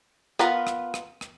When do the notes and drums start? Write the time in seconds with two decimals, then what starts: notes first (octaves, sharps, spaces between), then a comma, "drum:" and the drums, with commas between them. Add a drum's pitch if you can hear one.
0.39 B3 F4 A#4 B4, drum: rim click
0.67 drum: rim click
0.94 drum: rim click
1.21 drum: rim click